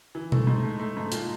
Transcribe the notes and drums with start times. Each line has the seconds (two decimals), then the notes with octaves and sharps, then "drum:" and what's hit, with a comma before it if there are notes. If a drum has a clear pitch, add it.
0.15 E3
0.32 A3, drum: tom B2
0.47 G#2
0.63 A3
0.79 A3
0.97 G#2
1.12 A#2, drum: hi-hat